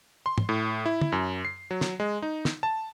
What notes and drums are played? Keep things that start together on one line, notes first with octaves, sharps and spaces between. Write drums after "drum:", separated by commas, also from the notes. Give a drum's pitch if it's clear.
C6
drum: tom
A2
E4
drum: tom
F#2
C7
F#3
drum: snare
G#3
D#4
drum: snare
A5